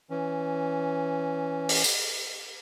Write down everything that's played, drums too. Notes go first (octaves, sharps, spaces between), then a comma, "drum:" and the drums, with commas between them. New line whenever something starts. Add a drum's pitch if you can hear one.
E3 C#4
drum: open hi-hat
drum: tambourine